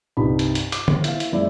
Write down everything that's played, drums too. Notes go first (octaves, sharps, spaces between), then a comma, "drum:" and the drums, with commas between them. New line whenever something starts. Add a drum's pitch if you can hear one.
C2 G2 D#4 B5
drum: hi-hat
drum: hi-hat
D6, drum: hi-hat
drum: tom
E4 F5, drum: hi-hat
drum: hi-hat
F#1 G#3 E4 D5